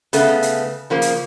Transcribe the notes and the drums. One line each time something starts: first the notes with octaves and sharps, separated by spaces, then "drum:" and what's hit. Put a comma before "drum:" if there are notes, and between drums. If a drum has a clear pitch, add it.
C#3 A3 B3, drum: hi-hat
drum: hi-hat
C#3 F3 A#3
drum: hi-hat